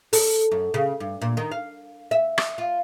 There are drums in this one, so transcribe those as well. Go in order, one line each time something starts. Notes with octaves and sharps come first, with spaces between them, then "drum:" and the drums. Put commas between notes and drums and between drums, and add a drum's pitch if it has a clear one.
A4, drum: open hi-hat
F#2
C#3
G2
A#2
D#3
F5
E5
drum: rim click
F4